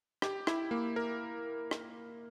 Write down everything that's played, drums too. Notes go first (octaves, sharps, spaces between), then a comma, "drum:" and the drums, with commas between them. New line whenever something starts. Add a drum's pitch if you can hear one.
G4, drum: rim click
E4, drum: rim click
A#3
A#4
drum: rim click